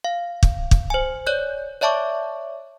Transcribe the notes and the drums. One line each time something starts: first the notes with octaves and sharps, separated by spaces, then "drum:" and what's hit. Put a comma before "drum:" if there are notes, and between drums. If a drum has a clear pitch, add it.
F5
drum: kick
drum: kick
C5 G#5
C#5 D5 F#6 G6
C#5 D5 E5 A5 C#6 D6